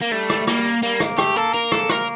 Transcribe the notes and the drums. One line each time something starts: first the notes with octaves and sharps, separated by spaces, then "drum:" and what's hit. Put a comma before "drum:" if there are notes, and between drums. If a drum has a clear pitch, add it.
A#3
G3 A3, drum: hi-hat
drum: rim click
A#3, drum: rim click
drum: hi-hat
G3 A#3, drum: hi-hat
A#3, drum: rim click
A3 G4, drum: rim click
A#3 A4, drum: hi-hat
A#4, drum: hi-hat
A4, drum: rim click
A#4, drum: rim click